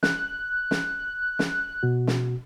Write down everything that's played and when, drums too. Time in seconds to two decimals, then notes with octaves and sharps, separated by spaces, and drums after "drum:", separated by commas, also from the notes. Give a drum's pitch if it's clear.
0.03 F#6, drum: snare
0.71 drum: snare
1.39 drum: snare
1.83 B2 F#4
2.07 drum: snare